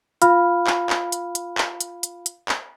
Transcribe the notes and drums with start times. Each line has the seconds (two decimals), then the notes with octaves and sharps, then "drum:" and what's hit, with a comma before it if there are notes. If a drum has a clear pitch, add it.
0.22 F4 F5 B5 F6, drum: hi-hat
0.67 drum: clap
0.90 drum: clap
1.12 drum: hi-hat
1.35 drum: hi-hat
1.58 drum: clap
1.80 drum: hi-hat
2.03 drum: hi-hat
2.26 drum: hi-hat
2.49 drum: clap